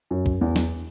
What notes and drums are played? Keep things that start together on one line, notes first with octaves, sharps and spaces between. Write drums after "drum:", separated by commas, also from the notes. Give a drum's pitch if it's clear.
F#2
drum: kick
E2
drum: snare